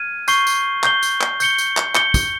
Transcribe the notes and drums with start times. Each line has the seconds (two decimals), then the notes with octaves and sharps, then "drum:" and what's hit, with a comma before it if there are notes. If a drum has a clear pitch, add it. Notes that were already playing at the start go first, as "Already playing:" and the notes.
Already playing: F6 G#6 D#7
0.28 C#6 G6 C7 G7, drum: tambourine
0.47 drum: tambourine
0.83 C#6 G6 C7 G7, drum: clap
1.03 drum: tambourine
1.21 drum: clap
1.40 G6 C#7 G7, drum: tambourine
1.58 drum: tambourine
1.77 drum: clap
1.95 G6 C#7 G7, drum: clap
2.14 drum: kick, tambourine